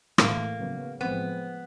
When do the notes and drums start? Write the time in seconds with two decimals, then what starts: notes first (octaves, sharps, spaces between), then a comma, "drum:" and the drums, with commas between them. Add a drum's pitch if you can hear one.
0.18 A2 E3 A3 A#3, drum: rim click
0.59 C#3 F#3 B3
1.00 A2 F3 G#3 B3 C4